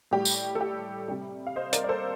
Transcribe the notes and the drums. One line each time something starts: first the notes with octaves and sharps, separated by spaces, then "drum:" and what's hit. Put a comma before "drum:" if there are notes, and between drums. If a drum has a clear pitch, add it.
A2 G3 G4
drum: tambourine
A4
G4
C3 G3
F5
C5 D#5
A#4 D5, drum: hi-hat
D5
A4 C5